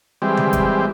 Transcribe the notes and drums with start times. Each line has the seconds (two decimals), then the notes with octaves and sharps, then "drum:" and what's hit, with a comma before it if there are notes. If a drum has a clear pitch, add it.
0.22 E3 G3 G#3 C4 G4
0.37 drum: tom D3
0.53 drum: kick, hi-hat